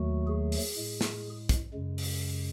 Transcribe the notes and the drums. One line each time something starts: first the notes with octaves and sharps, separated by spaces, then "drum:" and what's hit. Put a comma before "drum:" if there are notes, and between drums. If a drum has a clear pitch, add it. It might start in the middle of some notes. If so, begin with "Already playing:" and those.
Already playing: D#2 D#3 F#3 A3 F#4
G#4
drum: open hi-hat
A2 G#3
drum: snare
drum: kick, hi-hat
F#2 C#3 G#3
drum: open hi-hat